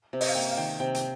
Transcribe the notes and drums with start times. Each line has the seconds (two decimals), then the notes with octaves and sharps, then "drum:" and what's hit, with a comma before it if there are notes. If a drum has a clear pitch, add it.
0.13 C3
0.21 D#5, drum: open hi-hat
0.28 F5
0.35 A#3 G5
0.51 F5
0.57 D#3 G5
0.80 C3 G5
0.95 G5, drum: hi-hat